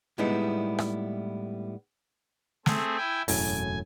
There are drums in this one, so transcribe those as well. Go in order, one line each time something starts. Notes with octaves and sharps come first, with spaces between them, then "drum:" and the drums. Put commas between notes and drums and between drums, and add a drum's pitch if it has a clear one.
A2 G3 G#3 B3 D#4 E4
drum: rim click
A3 C4 G#4, drum: snare
E4 G5 G#5
E1 F#2 A2 G#5, drum: open hi-hat